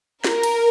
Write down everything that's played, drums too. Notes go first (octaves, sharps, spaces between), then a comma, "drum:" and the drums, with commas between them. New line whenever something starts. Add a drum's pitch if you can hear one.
A#4, drum: snare
drum: cymbal